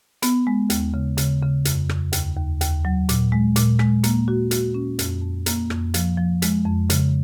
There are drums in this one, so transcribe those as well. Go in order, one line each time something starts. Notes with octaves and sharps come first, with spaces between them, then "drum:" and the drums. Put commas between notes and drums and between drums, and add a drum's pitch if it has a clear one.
B3, drum: hi-hat
G#3
D#2, drum: hi-hat
C#3
C#3, drum: hi-hat
C#3
F2, drum: hi-hat
F2, drum: rim click
D#2, drum: hi-hat
D#2
D#2, drum: hi-hat
F#3
A#2, drum: hi-hat
G#3
A#2, drum: hi-hat
G#3, drum: rim click
A#3, drum: hi-hat
F#4
F#4, drum: hi-hat
C#4
F2, drum: hi-hat
F2
A#3, drum: hi-hat
F2, drum: rim click
F3, drum: hi-hat
F3
G#3, drum: hi-hat
F2
C#3, drum: hi-hat